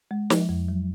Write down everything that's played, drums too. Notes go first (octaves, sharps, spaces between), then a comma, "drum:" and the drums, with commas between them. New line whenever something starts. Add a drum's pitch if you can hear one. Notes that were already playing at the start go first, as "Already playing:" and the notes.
G#3
F3, drum: snare
F2
F#3